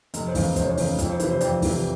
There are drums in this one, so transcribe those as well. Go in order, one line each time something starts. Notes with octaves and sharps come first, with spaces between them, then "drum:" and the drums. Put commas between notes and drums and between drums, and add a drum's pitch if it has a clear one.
F1, drum: hi-hat
C5
E2 C#3, drum: kick, open hi-hat
F1 C5, drum: kick, hi-hat
C#5
C5
E2 C#3, drum: open hi-hat
F2, drum: kick, hi-hat
C5
C3 E3 B4, drum: hi-hat
C5
F2 D5, drum: hi-hat
C3 E3, drum: kick, open hi-hat